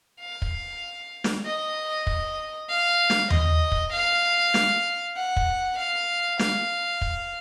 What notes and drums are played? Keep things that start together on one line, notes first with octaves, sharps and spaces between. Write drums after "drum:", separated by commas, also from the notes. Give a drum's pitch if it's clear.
F5
drum: kick
drum: snare
D#5
drum: kick
F5
drum: snare
D#5, drum: tom E2
drum: kick
F5
drum: snare
F#5
drum: kick
F5
F5, drum: snare
drum: kick